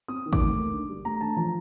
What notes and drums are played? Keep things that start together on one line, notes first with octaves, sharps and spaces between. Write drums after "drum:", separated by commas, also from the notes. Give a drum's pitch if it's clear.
C4 D#6
D#3
D6, drum: kick
A3
A#3
D3
G3
A3 A#5
D3 A5
F3 A#5